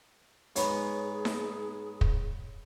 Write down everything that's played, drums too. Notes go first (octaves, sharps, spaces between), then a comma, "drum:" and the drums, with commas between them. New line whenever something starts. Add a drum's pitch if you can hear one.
G#2 B3 G#4 C#5, drum: hi-hat
drum: snare D#4
drum: kick